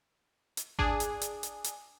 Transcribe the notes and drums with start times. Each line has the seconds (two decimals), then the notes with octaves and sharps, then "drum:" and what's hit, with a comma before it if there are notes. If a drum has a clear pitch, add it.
0.57 drum: hi-hat
0.79 D4 G#4, drum: kick G#1
1.00 drum: hi-hat
1.21 drum: hi-hat
1.43 drum: hi-hat
1.64 drum: hi-hat